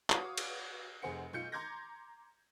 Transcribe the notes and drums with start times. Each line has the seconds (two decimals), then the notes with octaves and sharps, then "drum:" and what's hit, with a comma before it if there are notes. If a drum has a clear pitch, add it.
0.10 F#4 B4 C#5 F5 D6 D#6, drum: clap
0.38 drum: cymbal
1.02 F1 G#4 C5 F#5 C#7
1.33 B1 F4 G6 C#7
1.52 A#5 C6 D6 G6 G#6 A#6